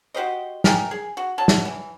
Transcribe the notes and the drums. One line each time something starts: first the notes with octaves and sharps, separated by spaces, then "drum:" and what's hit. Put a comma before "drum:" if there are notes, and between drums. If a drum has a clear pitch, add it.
F#4 G4 C5 D#5
A#4 G5 G#5 A#5, drum: snare
G#4
F#4
F#3 A5
drum: snare
E3